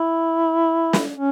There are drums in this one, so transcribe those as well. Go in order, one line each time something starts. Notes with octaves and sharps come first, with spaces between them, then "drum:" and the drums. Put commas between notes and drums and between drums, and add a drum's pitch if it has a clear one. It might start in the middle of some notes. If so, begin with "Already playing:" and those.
Already playing: E4
drum: snare
C#4